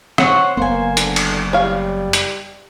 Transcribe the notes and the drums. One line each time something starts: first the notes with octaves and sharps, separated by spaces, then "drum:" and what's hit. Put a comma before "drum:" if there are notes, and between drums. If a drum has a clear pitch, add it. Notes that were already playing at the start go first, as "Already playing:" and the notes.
C5 C#5 F#5, drum: rim click
F#1 E2 A#3 B3 C5 G#5
D3, drum: hi-hat
drum: cymbal
G3 C#5 F5
drum: hi-hat